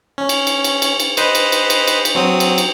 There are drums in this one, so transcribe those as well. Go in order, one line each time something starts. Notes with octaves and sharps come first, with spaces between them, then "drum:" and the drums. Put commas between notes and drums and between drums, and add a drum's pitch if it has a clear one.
C#4
drum: cymbal
drum: cymbal
drum: cymbal
drum: cymbal
drum: cymbal
B4 C5 D#5, drum: cymbal
drum: cymbal
drum: cymbal
drum: cymbal
drum: cymbal
drum: cymbal
F#3 C4 D#6
drum: cymbal
drum: cymbal